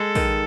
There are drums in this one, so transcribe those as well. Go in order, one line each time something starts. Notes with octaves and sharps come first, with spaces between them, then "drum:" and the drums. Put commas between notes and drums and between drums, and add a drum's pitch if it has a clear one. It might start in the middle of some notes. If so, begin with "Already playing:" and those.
Already playing: G#3 A4
D#3, drum: kick, open hi-hat